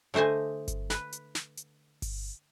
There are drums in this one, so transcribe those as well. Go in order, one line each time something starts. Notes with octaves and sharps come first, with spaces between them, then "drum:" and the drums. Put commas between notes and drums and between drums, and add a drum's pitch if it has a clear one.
D3 A3 C5 D#5 G#5
drum: kick G1, hi-hat
B4, drum: snare
drum: hi-hat
drum: snare
drum: hi-hat
drum: kick G1, open hi-hat